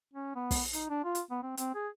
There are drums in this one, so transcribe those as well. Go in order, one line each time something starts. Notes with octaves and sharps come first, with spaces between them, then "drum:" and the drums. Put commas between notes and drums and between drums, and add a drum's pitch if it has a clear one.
C#4
B3
drum: kick, open hi-hat
D#4, drum: hi-hat
D4
F4
drum: hi-hat
B3
C4
C4, drum: hi-hat
G#4